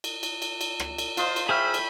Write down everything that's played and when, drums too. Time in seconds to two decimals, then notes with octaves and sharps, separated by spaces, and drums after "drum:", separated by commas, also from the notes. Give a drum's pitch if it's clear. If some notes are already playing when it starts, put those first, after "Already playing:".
0.04 drum: cymbal
0.23 drum: cymbal
0.42 drum: cymbal
0.61 drum: cymbal
0.80 drum: rim click
0.98 drum: cymbal
1.17 F4 C5 D#5, drum: cymbal
1.36 drum: cymbal
1.49 G#4 C5 E5 G5 B5 C#6 F6
1.74 drum: cymbal